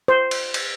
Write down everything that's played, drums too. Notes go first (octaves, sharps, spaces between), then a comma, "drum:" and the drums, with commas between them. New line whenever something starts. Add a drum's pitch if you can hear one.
C5
drum: cymbal
drum: cymbal